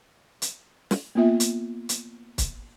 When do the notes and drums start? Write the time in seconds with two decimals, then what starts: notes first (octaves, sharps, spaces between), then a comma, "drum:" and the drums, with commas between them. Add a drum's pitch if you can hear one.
0.42 drum: hi-hat
0.91 drum: snare
1.15 A#3 B3 F4 E5
1.40 drum: hi-hat
1.89 drum: hi-hat
2.38 drum: kick, hi-hat